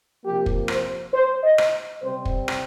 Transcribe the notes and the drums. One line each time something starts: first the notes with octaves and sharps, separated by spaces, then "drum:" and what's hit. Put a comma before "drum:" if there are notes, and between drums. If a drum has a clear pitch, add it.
C3 F3 A#3 G4
drum: kick
C5, drum: rim click
C5
D#5
drum: rim click
C3 G3 C4 C5
drum: kick
drum: rim click